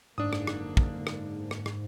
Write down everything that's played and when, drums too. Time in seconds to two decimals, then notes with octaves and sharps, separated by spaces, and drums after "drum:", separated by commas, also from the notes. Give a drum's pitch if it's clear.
0.18 F#1 G#2 D3 A#3 D4 D#6
0.33 drum: rim click
0.47 drum: rim click
0.77 drum: kick
1.07 drum: rim click
1.51 drum: rim click
1.66 drum: rim click